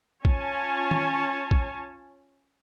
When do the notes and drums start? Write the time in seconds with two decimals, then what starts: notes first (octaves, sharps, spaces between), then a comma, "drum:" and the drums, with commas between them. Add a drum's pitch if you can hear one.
0.25 C#4 F4 C#5 G#5 A5, drum: kick
0.91 drum: tom
1.51 drum: kick